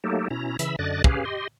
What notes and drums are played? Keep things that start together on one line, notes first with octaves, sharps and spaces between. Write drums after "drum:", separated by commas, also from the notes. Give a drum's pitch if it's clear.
F#3 A3 A#3 D#4 G4 A4
B2 C#4 E4 A#5
C#3 E3 E5 B5 E6, drum: hi-hat
F#2 D3 D5 D#5 F#6 A6
C#4 G4 G#4 B4 F5, drum: kick
G4 D#5 C6